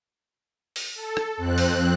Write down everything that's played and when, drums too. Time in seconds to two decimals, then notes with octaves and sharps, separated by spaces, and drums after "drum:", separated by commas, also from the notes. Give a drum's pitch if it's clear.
0.76 drum: open hi-hat
0.95 A4
1.17 drum: rim click
1.37 F2 C4 F#6
1.58 drum: open hi-hat